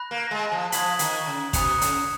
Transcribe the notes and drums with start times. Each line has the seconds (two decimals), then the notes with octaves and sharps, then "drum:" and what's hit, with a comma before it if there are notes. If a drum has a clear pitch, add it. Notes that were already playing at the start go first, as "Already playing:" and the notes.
Already playing: B5 F#6 A#6
0.11 A#3
0.31 G#3
0.52 F3
0.72 F3 B5 D#6 G#6 B6 F#7, drum: hi-hat
0.99 D#3, drum: hi-hat
1.27 C#3
1.53 B2 A#5 D#6 F#6 C#7 F7, drum: kick, hi-hat
1.81 C#3, drum: hi-hat